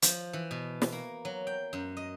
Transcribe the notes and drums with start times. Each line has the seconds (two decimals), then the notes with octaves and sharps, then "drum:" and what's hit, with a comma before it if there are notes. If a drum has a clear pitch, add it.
0.02 F3, drum: hi-hat
0.33 E3
0.51 B2
0.82 drum: snare
0.92 A#3
1.25 F#3
1.47 G5
1.73 F#2
1.97 D#5